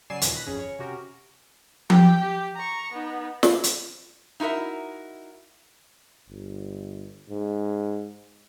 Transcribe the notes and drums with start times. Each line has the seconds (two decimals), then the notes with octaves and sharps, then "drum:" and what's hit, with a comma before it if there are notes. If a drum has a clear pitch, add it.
0.10 C#3 F#3 D5 G#5 C7 E7
0.22 D#2 A#2 E3, drum: hi-hat
0.33 B5 F#6 A#6
0.47 G1 F2 C#4 G#4
0.59 C#4 C#5
0.79 C3 C#4 F#4 G4 A#4
1.90 G4 G5, drum: tom F3
2.21 G4
2.55 A#5 C#6
2.93 B3 D#4
3.43 drum: snare
3.64 drum: hi-hat
4.40 D#4 E4 F#4 A#4 E5
6.28 G1
7.30 G#2